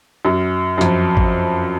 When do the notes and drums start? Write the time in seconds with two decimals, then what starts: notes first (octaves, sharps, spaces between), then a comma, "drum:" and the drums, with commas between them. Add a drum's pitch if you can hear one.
0.25 F#2
0.78 F#2
0.81 F2, drum: hi-hat
1.17 drum: kick G#1